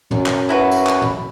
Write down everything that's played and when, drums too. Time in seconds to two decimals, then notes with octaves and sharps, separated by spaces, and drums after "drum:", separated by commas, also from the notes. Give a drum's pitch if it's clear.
0.11 F#2, drum: tom
0.26 drum: clap
0.49 E4 F#4 B4
0.71 drum: tambourine
0.87 drum: clap
1.02 drum: tom